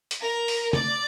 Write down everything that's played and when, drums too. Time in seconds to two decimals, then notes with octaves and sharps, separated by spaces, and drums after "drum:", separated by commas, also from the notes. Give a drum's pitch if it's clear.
0.11 drum: hi-hat
0.21 A#4
0.48 drum: open hi-hat
0.73 D5, drum: tom C#3